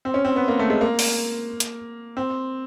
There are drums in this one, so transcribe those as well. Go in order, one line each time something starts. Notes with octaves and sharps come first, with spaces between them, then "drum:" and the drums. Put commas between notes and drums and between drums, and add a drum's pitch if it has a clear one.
C4
C#4
C4
B3
A#3
A3
G#3
A#3
drum: open hi-hat
drum: hi-hat
C4